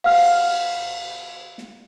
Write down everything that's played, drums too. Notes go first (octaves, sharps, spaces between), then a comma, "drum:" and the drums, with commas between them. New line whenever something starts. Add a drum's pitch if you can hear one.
F5 F#5 F6, drum: cymbal
drum: snare